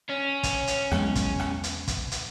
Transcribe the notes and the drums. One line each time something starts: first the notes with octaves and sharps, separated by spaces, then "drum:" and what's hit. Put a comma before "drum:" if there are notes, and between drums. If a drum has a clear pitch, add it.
C#4
drum: kick, hi-hat
drum: hi-hat
E2 F#3 G#3, drum: rim click
drum: kick, hi-hat
drum: rim click
drum: hi-hat
drum: kick, hi-hat
drum: hi-hat